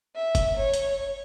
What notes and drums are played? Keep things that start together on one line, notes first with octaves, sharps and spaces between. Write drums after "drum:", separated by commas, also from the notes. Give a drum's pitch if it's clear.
E5
drum: kick, hi-hat
C#5
drum: hi-hat